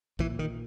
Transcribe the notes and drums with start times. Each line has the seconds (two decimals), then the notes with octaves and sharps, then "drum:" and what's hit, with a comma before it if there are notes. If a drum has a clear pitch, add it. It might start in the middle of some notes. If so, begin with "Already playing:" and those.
0.19 A#2 E3, drum: kick A#1
0.39 D#3